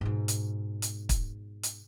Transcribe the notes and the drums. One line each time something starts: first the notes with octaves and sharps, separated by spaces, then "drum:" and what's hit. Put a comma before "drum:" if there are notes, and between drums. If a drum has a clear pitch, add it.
G#2 B2
drum: hi-hat
drum: hi-hat
drum: kick, hi-hat
drum: hi-hat